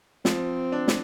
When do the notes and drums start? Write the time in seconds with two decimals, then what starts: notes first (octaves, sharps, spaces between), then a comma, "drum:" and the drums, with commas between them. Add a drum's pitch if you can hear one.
0.25 F3 C4, drum: snare
0.72 D4
0.88 drum: snare